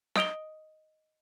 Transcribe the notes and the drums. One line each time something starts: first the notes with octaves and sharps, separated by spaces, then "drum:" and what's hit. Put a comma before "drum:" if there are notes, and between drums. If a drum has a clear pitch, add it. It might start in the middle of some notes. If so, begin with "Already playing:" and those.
D#5 D#6 D7 F7 G7, drum: snare